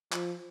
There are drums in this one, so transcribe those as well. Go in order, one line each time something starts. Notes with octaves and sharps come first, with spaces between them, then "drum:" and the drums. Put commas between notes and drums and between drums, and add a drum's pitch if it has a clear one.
F3, drum: clap